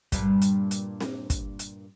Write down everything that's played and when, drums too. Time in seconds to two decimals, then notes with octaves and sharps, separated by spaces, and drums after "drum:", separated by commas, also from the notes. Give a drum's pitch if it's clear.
0.12 G2 A#2 G3, drum: kick, hi-hat
0.42 drum: hi-hat
0.71 drum: hi-hat
1.00 drum: snare C4
1.30 drum: kick, hi-hat
1.59 drum: hi-hat